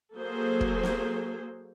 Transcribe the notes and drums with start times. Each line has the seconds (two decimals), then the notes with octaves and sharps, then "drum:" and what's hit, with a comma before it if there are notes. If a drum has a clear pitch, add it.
0.15 F#3 A#3 G#4 A4 C5
0.61 drum: kick
0.83 drum: snare